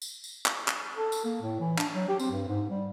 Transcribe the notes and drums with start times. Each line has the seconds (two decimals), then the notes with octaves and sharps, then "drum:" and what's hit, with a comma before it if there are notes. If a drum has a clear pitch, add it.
0.02 drum: tambourine
0.24 drum: tambourine
0.46 drum: clap
0.68 drum: clap
0.97 A4
1.12 drum: tambourine
1.24 A#3
1.42 A2
1.60 E3
1.78 D4, drum: clap
1.93 F#3
2.08 G4
2.20 C4, drum: tambourine
2.31 G2
2.48 G#2
2.70 G3